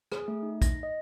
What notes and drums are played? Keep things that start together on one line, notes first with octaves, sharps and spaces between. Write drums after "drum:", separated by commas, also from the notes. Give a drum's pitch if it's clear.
G#4, drum: rim click
A3
D#4
A#6, drum: kick, hi-hat
D#5